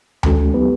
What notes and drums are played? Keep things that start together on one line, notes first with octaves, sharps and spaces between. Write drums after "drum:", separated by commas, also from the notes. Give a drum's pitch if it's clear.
D#3 G#3 C#4 F#4 A4, drum: tom D2
F#3 B3 D#4 G4 B4